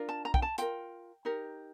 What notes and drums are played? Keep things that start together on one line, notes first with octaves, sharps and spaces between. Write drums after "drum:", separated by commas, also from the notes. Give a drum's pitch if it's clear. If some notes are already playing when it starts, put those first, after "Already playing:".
Already playing: D4 F4 A#4
A5
A#5
G5, drum: kick
A5
F4 A#4 G5, drum: hi-hat
D#4 G4 A#4